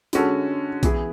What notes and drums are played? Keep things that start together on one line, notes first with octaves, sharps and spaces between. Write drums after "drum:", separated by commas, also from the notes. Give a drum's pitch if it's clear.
D3 G#3 C#4 F#4 A4, drum: hi-hat
E3 B3 E4 G#4, drum: kick A#1, hi-hat